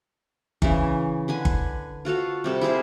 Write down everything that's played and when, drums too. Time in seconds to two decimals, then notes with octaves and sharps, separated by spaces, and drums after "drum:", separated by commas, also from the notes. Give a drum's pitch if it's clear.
0.62 C#3 E3, drum: kick G1
1.28 D3 B4 G#5
1.45 drum: kick G1
2.05 F4 F#4 A4 F5
2.44 C3 G3 A4
2.61 E4 G#4 C5 F5